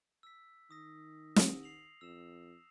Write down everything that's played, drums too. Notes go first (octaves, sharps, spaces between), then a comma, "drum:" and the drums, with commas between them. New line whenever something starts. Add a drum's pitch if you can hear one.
E6 B6
D#3 D#6 A#6
drum: snare
C7 F7 F#7
F2 E6 E7